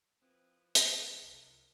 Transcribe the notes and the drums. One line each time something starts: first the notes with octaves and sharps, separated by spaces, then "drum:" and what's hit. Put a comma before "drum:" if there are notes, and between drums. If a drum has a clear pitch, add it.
F3 C4 E4 B4 D#6
C#3 F#3 D4 F4, drum: hi-hat
C2 A#4